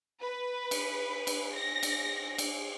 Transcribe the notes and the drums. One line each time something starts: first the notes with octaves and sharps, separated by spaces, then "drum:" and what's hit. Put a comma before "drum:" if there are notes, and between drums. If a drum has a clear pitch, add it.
B4
drum: cymbal
drum: cymbal
A#6
drum: cymbal
drum: cymbal